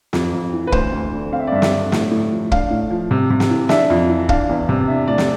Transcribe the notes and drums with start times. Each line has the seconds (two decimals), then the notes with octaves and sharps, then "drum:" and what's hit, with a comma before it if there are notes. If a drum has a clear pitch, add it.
0.13 F2, drum: snare
0.33 F2
0.53 E3
0.67 B4
0.72 D2 C5, drum: kick
0.92 D2
1.13 D3
1.32 C4 F5
1.39 E5
1.47 D5
1.52 G2 E5
1.62 drum: snare
1.72 D3
1.92 A2, drum: snare
2.11 A2
2.31 F3
2.52 D4 F5, drum: kick
2.70 A2
2.91 F3
3.11 C3
3.30 C3
3.40 drum: snare
3.50 E3
3.69 D4 E5, drum: snare
3.90 F2
4.09 E3
4.29 D4 F5, drum: kick
4.49 E2
4.69 C3
4.88 D4 E5
5.08 A2 D5
5.18 drum: snare